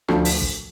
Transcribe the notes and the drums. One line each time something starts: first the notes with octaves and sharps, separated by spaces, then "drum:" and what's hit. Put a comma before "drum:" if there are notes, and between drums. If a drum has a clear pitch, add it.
D2 D3 F3, drum: rim click
drum: open hi-hat
drum: kick